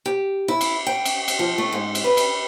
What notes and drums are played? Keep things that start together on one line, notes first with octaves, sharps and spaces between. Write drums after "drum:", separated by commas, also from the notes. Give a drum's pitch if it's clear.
G4
E4
drum: cymbal
G5
drum: cymbal
drum: cymbal
F3
A3
G#2
drum: cymbal
B4
drum: cymbal